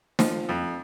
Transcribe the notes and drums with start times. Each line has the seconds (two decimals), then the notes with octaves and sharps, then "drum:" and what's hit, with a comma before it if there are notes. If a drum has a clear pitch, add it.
0.19 F3, drum: snare
0.49 F2